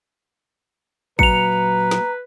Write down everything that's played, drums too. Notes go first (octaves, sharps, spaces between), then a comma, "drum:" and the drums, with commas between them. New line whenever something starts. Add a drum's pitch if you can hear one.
A#2 F#3 B4 A#5 C#7 F7, drum: kick A1
drum: snare